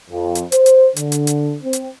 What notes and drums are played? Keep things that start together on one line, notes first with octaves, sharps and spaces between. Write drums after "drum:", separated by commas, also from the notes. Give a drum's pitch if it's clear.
F2
drum: hi-hat
C5, drum: hi-hat
drum: hi-hat
D3, drum: hi-hat
drum: hi-hat
drum: hi-hat
C4
drum: hi-hat